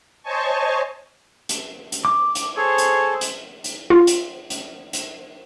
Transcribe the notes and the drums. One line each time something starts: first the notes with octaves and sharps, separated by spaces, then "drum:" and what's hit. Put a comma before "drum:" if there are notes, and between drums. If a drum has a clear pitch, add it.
C5 C#5 D#5 G#5 A5 C#6
drum: hi-hat
drum: hi-hat
D6
drum: hi-hat
G#4 A4 C5 C#5
drum: hi-hat
drum: hi-hat
drum: hi-hat
F4
drum: hi-hat
drum: hi-hat
drum: hi-hat